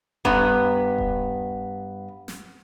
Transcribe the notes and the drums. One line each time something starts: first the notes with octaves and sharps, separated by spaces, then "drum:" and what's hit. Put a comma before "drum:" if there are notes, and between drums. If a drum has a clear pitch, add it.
G2 B3 A#5, drum: kick D#1
drum: kick D#1
drum: snare